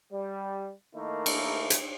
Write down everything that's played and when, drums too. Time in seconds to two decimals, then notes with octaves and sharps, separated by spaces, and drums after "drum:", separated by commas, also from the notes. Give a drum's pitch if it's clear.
0.13 G3
0.95 D#3 A3 A#3 D#4 E4
1.26 drum: cymbal
1.70 drum: hi-hat